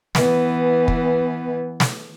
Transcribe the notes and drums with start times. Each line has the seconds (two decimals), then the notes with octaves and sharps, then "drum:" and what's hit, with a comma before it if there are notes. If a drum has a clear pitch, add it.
0.15 E3 B3, drum: snare
0.88 drum: kick
1.80 drum: snare